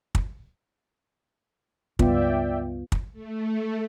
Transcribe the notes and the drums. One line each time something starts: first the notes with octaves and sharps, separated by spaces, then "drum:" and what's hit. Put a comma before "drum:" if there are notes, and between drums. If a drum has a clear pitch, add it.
drum: kick
C#2 G2 B3 F4 D5 E5 G5, drum: kick
drum: kick
A3